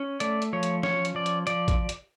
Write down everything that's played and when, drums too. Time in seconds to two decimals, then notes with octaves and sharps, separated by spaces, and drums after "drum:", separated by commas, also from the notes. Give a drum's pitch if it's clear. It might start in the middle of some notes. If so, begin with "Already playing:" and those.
Already playing: C#4
0.20 A3 D5, drum: hi-hat
0.42 drum: hi-hat
0.53 F3 C#5
0.63 drum: hi-hat
0.83 C#4 C#5, drum: snare
1.05 drum: hi-hat
1.15 F3 D5
1.26 drum: hi-hat
1.47 F3 D5, drum: hi-hat
1.68 drum: kick A1, hi-hat
1.89 drum: hi-hat